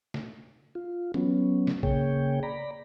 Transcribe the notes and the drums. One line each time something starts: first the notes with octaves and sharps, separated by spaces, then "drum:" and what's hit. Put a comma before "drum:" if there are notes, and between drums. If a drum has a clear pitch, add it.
drum: snare
F4
F#3 B3 C#4, drum: tom
drum: snare
C#3 A#3 G#4 C#5 G5, drum: kick
D5 A#5 B5